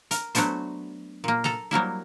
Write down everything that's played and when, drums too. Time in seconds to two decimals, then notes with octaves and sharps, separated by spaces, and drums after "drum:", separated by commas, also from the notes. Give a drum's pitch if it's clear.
0.11 A#4, drum: hi-hat
0.35 F#3 A3 B3 D4 C5, drum: hi-hat
1.24 A#2 A#3
1.44 A4 A#5, drum: snare
1.71 F#3 G3 A#3 E4